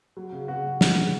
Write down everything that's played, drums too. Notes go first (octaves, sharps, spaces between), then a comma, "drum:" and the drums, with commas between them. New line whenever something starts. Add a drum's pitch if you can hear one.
F#3
C#3
C#3 F#4
F#3
E3, drum: snare
C#3